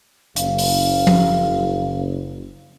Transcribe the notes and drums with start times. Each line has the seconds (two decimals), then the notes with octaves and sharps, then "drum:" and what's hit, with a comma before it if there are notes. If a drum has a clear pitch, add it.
0.36 F#1 F5, drum: hi-hat
0.58 drum: open hi-hat
1.07 drum: tom F3